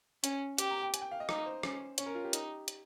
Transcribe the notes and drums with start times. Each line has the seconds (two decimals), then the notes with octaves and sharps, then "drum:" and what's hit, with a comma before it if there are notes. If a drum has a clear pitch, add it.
0.24 C#4, drum: hi-hat
0.58 G4 G5, drum: hi-hat
0.71 A#5
0.82 G5
0.94 G#5, drum: hi-hat
1.02 G5
1.11 F5
1.20 D#5
1.29 D#4, drum: rim click
1.46 C5
1.63 C#4, drum: rim click
1.98 C#4 C#5, drum: hi-hat
2.06 A#4
2.15 F4
2.24 G4
2.33 D#4, drum: hi-hat
2.68 drum: hi-hat